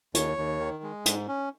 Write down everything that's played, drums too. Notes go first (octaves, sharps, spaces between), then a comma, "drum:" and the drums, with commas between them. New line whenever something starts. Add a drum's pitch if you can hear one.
D#2 C#5, drum: hi-hat
D#2
D#3
G#3
G#2, drum: hi-hat
C#4